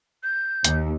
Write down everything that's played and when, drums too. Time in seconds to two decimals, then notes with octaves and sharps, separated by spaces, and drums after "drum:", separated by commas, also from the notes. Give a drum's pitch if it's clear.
0.23 G6
0.64 D#2, drum: hi-hat